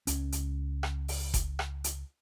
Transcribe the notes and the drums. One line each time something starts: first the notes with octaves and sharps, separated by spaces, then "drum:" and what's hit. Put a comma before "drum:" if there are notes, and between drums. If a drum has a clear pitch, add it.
C#2 C#4, drum: hi-hat
drum: hi-hat
drum: rim click
drum: open hi-hat
drum: kick F#1, hi-hat
drum: rim click
drum: hi-hat